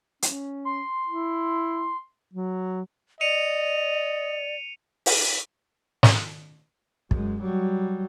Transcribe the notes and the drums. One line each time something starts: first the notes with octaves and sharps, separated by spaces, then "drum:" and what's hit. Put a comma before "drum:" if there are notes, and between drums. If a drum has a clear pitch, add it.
C#4, drum: hi-hat
C6
E4
F#3
D5 D#5 C#7 D#7 F7
drum: open hi-hat
drum: snare
F#2 G#3, drum: kick
F#3 G3